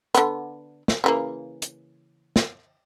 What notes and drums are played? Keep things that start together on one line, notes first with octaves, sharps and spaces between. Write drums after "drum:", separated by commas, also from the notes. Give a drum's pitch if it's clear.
D3 B3, drum: hi-hat
drum: snare
C#3 E3 A#3
drum: hi-hat
drum: snare